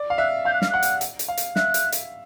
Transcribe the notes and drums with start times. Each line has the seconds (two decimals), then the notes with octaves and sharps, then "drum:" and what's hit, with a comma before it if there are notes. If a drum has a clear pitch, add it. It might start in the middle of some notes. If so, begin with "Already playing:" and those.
Already playing: D5
0.10 F5
0.18 E5 F#6
0.45 F5 G6
0.54 F#6
0.62 F6, drum: snare
0.70 F#5 F#6
0.83 drum: hi-hat
1.01 drum: hi-hat
1.19 drum: hi-hat
1.28 F5
1.37 drum: hi-hat
1.56 E5 F#6, drum: snare
1.74 drum: hi-hat
1.92 drum: hi-hat